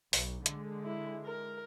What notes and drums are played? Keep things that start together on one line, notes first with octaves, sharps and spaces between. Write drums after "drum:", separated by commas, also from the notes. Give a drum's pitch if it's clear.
B1, drum: open hi-hat
D3 G#3, drum: hi-hat
E4
A#4